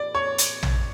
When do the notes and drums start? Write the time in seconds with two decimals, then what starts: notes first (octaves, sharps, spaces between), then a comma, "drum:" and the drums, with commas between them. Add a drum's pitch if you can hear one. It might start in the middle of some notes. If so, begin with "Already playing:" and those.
Already playing: D5
0.15 C#5
0.38 drum: hi-hat
0.63 drum: tom